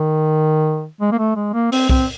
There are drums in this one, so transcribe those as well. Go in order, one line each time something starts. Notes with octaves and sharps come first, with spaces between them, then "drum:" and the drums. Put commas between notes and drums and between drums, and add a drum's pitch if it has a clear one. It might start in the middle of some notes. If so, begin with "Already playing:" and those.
Already playing: D#3
G#3
A#3
A3
G#3
A#3
C4, drum: open hi-hat
C4, drum: kick